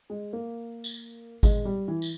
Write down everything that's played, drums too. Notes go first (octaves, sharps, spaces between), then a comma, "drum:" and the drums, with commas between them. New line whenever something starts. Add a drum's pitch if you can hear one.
G#3
A#3
drum: tambourine
G#3, drum: kick G#1, tambourine
G3
E3
drum: tambourine